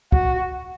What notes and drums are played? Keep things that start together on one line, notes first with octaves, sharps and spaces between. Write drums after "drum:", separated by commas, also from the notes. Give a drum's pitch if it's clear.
F#4, drum: kick